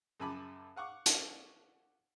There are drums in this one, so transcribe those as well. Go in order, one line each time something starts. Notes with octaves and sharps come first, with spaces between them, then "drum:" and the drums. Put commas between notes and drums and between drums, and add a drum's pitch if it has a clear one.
F#2 C#3 G#5 A5 B5 D6
F5 F#5 C#6 D6
drum: hi-hat